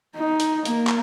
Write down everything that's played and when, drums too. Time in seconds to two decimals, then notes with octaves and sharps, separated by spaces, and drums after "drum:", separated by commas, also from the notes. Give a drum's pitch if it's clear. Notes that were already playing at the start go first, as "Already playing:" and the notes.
0.16 D#4
0.40 drum: hi-hat
0.65 A#3, drum: hi-hat
0.87 drum: clap